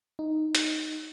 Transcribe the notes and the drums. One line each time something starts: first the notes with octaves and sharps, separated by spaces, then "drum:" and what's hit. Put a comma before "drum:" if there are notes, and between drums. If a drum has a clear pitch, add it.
D#4
drum: hi-hat